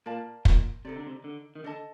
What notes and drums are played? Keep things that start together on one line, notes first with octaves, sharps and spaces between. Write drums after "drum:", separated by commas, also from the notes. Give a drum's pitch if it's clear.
A#2 A#4 D5 F5 A5
A#2, drum: kick
C3 D#4 A4 D5
D3
C3
D3
D#3
D3 A4 D#5 A5